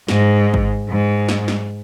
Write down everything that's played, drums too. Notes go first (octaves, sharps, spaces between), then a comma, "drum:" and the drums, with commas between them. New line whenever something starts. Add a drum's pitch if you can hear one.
G#2, drum: snare
drum: kick G#1
G#2
drum: snare
drum: snare